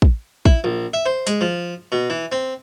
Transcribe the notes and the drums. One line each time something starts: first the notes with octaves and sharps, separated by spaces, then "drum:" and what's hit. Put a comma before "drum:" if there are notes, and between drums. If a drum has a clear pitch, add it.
drum: kick
E4, drum: kick
A#1
E5
C5
G#3, drum: hi-hat
F3
B2
E3
C4